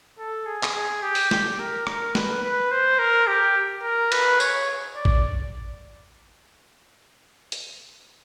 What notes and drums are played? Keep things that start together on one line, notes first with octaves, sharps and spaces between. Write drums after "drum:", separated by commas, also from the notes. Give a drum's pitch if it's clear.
A4
G#4
drum: clap
G#4
G4
drum: open hi-hat
G4, drum: snare
A#4
A#4, drum: rim click
B4, drum: snare
B4
C5
A#4
G4
A#4
B4, drum: cymbal
C#5, drum: tambourine
D5
drum: kick A1
drum: hi-hat